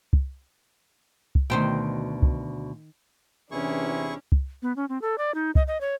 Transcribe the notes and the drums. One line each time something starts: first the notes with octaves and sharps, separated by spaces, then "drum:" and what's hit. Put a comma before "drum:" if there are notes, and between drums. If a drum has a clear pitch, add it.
drum: kick
drum: kick
D2 G#2 B2 D#3 C5 G5
drum: kick
E2 C3 E3 C#4 D4 E4 G#4 C#6
drum: kick
B3
C#4
C4
A4
D5
D#4
D#5, drum: kick
D#5
C#5